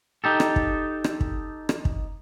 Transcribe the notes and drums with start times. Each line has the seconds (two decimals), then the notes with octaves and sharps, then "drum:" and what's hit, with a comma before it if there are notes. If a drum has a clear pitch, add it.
0.24 D#4 G4 A4
0.40 drum: rim click
0.56 drum: kick
1.04 drum: rim click
1.21 drum: kick
1.69 drum: rim click
1.85 drum: kick